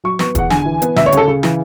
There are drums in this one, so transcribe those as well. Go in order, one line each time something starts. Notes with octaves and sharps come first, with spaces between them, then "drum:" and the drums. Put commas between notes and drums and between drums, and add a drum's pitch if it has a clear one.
F#3 C#6
B3 C#6, drum: snare
E2 F#5, drum: kick, hi-hat
D3 G#5, drum: snare
E3
B3, drum: hi-hat
D2 E5, drum: snare
C#5
C#3 A4, drum: hi-hat
C#3
E3, drum: snare